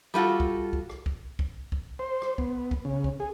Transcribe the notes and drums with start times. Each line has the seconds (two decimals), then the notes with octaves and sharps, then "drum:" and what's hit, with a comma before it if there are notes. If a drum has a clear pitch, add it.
0.14 G3 A3 F4 F#4 A4
0.40 drum: kick
0.73 drum: kick
0.89 drum: rim click
1.06 drum: kick
1.39 drum: kick
1.72 drum: kick
1.99 C5
2.22 drum: rim click
2.38 B3, drum: kick
2.71 drum: kick
2.85 C#3
3.04 drum: kick
3.20 G#4